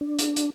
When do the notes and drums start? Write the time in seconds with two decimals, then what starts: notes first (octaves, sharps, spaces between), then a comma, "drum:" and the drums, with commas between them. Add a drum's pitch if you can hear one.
0.01 D4
0.19 drum: hi-hat
0.36 drum: hi-hat